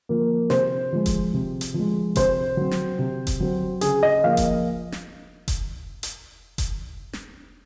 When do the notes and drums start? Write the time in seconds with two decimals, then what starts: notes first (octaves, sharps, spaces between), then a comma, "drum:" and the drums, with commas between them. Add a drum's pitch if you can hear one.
0.09 F3 A#3
0.50 C3 C5, drum: snare
0.92 F3 G#3
1.06 drum: kick F1, hi-hat
1.33 C3
1.61 drum: hi-hat
1.74 F3
1.79 G#3
2.16 C3 C5, drum: kick F1, hi-hat
2.57 F#3 C4
2.71 drum: snare
2.99 C3
3.27 drum: kick F1, hi-hat
3.40 F#3 C4
3.81 C#3 G#4, drum: hi-hat
4.03 D#5
4.24 F3 A#3 F5
4.37 drum: kick F1, hi-hat
4.92 drum: snare
5.48 drum: kick F1, hi-hat
6.03 drum: hi-hat
6.58 drum: kick F1, hi-hat
7.13 drum: snare